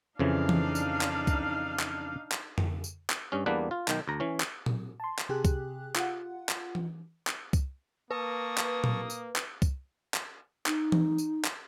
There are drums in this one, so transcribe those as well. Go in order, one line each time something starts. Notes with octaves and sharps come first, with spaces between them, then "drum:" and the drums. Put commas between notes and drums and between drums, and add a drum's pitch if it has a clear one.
F2 C#3 E3 D4 D#4 F5
drum: tom E3
drum: tambourine
drum: clap
drum: kick C2, tambourine
drum: clap
drum: clap
drum: tom F2
drum: tambourine
drum: clap
G2 C#4
E2 G3 A#3 D4 B4 F#5
F4
B1 D#3 G5, drum: clap
D2 A#5
E3 C#4
drum: clap
drum: tom A#2
A5 C6
drum: clap
C3 G4 G#4 F#6
drum: kick C2, tambourine
F4 F#5, drum: clap
drum: clap
drum: tom E3
drum: clap
drum: kick C2, tambourine
A#3 B4 A5 C#6 D#6
drum: clap
drum: tom A#2
drum: tambourine
drum: clap
drum: kick C2, tambourine
drum: clap
D#4, drum: clap
drum: tom E3
drum: tambourine
drum: clap